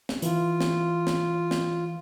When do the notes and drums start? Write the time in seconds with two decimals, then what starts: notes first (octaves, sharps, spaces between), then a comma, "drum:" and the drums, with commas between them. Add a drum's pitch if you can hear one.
0.09 drum: snare
0.22 E3 F4, drum: hi-hat
0.61 drum: snare
1.07 drum: snare
1.51 drum: snare